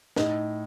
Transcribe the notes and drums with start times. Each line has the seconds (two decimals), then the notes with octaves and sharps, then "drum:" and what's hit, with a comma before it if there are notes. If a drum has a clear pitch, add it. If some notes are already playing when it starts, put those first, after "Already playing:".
0.16 A2 D#4, drum: snare